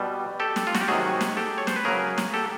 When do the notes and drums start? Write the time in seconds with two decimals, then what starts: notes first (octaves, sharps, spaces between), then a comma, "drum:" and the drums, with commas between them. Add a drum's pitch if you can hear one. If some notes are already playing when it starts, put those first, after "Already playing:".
Already playing: B2 G3
0.40 G4 A4
0.56 drum: snare
0.67 F4
0.75 F#4, drum: snare
0.81 G4
0.88 C3 D#3 F#3 F#4 G#4
1.21 drum: snare
1.37 G4 A4
1.58 C#5
1.67 C5, drum: snare
1.76 B4
1.85 C#3 F#3 G#4 A#4
2.18 drum: snare
2.34 G4 A4